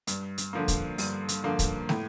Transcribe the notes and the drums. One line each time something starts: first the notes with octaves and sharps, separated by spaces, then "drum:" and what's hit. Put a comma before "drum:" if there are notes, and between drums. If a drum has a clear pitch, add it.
G2, drum: hi-hat
drum: hi-hat
D3 F3 A#3
drum: kick, hi-hat
G2, drum: open hi-hat
drum: hi-hat
D3 F3 A#3
drum: kick, hi-hat
A2, drum: snare